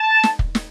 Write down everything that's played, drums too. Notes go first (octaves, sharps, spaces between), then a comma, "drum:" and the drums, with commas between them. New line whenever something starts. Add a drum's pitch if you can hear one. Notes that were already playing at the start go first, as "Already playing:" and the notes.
Already playing: A5
drum: snare
drum: kick
drum: snare